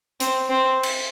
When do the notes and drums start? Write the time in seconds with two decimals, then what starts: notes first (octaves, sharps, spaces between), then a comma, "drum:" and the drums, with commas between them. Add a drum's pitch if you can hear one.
0.20 C4, drum: hi-hat
0.50 C4
0.83 drum: cymbal